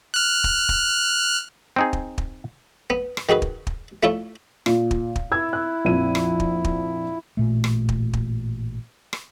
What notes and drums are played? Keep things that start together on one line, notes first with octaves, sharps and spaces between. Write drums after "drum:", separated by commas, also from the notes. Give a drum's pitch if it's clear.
F6 F#6
drum: kick
drum: kick
C4 D#4 G#4
drum: kick
drum: kick
B3
drum: rim click
D#3 F#4 G#4 B4
drum: kick
drum: kick
A3 E4 F4 C#5
A#2, drum: rim click
drum: kick
drum: kick
E4 E6 G#6
F#6
A#1 F2 D#7
drum: rim click
drum: kick
drum: kick
A1 A#2 A3
drum: rim click
drum: kick
drum: kick
drum: rim click